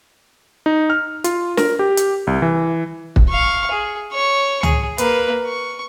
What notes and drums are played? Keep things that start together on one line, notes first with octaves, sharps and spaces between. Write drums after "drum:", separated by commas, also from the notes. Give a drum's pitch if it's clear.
D#4
F6
F4, drum: hi-hat
A#4, drum: snare
G4
drum: hi-hat
C2
E3
drum: kick
F5 C#6
G#4
C#5 C#6
G#4, drum: tom C#2
A#3 B4, drum: hi-hat
C#6